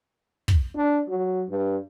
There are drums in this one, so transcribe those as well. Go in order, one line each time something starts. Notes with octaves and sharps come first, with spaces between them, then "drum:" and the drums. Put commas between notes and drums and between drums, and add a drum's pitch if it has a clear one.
drum: kick
D4
F#3
G2